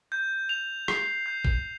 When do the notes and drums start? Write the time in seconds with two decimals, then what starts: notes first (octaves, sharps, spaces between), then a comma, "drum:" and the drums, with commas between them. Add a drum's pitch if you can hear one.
0.12 G6
0.49 F7
0.88 C7, drum: rim click
1.26 G6
1.45 drum: kick A1